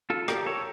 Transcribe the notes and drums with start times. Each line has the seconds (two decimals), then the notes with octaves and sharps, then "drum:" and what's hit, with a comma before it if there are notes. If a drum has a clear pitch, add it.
0.10 F4 A4
0.28 G4 A#4, drum: rim click
0.46 A4 C#5